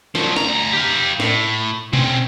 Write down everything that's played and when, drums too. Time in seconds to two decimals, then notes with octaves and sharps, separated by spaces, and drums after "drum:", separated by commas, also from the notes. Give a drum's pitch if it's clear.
0.15 F3 F#3, drum: snare
0.37 D2 A#5, drum: snare
0.73 G4 F5
1.20 A2, drum: snare
1.93 C4 C#4, drum: tom B2